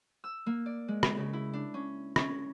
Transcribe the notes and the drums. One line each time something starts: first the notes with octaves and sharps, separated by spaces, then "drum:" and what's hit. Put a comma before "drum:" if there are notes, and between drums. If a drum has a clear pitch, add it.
E6
A#3
D5
G#3
drum: rim click
C#3
E4
D4
C#4
C#4, drum: rim click